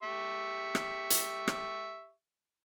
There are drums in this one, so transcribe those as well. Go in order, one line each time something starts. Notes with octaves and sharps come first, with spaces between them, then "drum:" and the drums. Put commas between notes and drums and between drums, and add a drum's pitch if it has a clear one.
G4 E5 C#6
drum: rim click
drum: hi-hat
drum: rim click